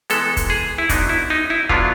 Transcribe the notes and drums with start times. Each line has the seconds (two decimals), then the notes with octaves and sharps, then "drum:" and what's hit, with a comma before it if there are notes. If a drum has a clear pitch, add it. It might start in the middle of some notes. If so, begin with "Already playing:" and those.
0.10 C3 E3 G#3 B3 A4, drum: hi-hat
0.37 drum: kick, hi-hat
0.50 G#4
0.78 E4
0.89 D3 F#3 B3 D4 D#4, drum: kick, hi-hat
1.09 E4
1.30 D#4
1.50 E4
1.69 D3 F#3 B3 D4 F4, drum: kick